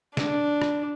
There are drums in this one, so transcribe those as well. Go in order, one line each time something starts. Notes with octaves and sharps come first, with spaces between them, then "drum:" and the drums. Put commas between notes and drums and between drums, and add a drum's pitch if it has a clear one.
D4, drum: snare
drum: rim click